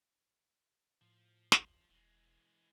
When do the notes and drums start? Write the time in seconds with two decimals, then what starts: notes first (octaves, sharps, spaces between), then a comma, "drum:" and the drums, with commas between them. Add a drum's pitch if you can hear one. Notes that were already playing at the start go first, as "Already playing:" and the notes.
1.01 A2 F3
1.52 drum: snare
1.90 E1 E3 G#3